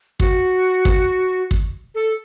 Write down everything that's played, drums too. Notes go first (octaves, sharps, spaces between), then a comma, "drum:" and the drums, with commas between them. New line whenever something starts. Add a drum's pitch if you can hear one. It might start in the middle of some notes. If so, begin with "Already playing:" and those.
F#4, drum: kick
drum: kick
drum: kick
A4